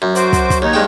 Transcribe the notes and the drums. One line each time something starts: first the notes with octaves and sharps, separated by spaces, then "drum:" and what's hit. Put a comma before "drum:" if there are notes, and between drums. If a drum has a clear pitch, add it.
F#2
F#4 C5 D6, drum: hi-hat
drum: kick, hi-hat
drum: kick, hi-hat
D#2 D#4 C#5
G2 G#3 G5